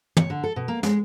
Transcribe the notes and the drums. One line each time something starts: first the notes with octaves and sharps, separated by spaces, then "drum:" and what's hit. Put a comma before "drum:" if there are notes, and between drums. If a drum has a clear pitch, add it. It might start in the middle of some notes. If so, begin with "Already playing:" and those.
C#5, drum: tom
D3
A4
B2
A#3
G#3, drum: snare